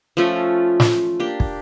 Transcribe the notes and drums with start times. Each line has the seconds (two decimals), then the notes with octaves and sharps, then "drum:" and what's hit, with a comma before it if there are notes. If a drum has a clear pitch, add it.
0.17 F3 A3 C#4 F4
0.80 drum: snare
1.20 A#3 D4 G4
1.40 drum: kick